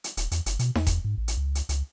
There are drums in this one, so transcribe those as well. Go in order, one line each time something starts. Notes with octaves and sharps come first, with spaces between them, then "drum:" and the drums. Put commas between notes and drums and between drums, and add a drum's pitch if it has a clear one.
drum: hi-hat
D#1, drum: hi-hat
E2, drum: hi-hat
F#1, drum: hi-hat
B2, drum: hi-hat
E2, drum: snare D#4
drum: kick E1, hi-hat
G#2
A1
drum: hi-hat
C#2
drum: hi-hat
C#2, drum: hi-hat